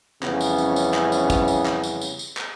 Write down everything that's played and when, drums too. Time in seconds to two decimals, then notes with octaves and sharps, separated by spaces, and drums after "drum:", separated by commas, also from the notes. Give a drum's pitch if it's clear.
0.23 F2 C#3 E3 G3 B3 C#4, drum: clap
0.41 drum: tambourine
0.58 drum: tambourine
0.76 drum: tambourine
0.94 drum: clap
1.12 drum: tambourine
1.30 drum: kick, tambourine
1.48 drum: tambourine
1.66 drum: clap
1.83 drum: tambourine
2.01 drum: tambourine
2.19 drum: tambourine
2.37 drum: clap